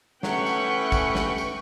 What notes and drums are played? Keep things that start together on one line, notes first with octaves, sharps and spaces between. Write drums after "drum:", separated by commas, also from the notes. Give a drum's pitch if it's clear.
F#3 A3 C#4 B4 F#5 G5 C#6, drum: snare
drum: tambourine
E3
drum: kick, tambourine
drum: snare
drum: tambourine